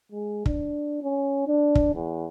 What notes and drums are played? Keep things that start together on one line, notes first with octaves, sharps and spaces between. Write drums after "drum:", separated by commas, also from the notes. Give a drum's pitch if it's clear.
G#3
D4, drum: kick
C#4
D4
drum: kick
E2